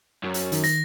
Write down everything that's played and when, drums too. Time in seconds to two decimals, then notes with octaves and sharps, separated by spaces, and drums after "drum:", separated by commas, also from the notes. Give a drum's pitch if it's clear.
0.24 F#2
0.34 drum: hi-hat
0.52 D#3, drum: hi-hat
0.64 A#6, drum: hi-hat